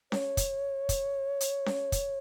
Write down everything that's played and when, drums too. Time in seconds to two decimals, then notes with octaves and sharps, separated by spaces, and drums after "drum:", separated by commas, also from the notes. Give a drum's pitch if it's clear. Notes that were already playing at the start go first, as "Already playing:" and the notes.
0.12 C#5, drum: snare C#4
0.37 drum: kick, hi-hat
0.89 drum: kick, hi-hat
1.41 drum: hi-hat
1.66 drum: snare C#4
1.92 drum: kick, hi-hat